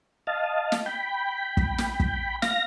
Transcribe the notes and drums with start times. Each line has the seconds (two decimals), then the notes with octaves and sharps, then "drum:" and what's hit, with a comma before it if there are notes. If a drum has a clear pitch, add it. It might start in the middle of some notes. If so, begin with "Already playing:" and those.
0.27 D#5 F5 A5
0.72 drum: snare
0.86 G5 B5
1.57 drum: kick
1.78 drum: snare
2.00 drum: kick
2.42 F5 A#6, drum: snare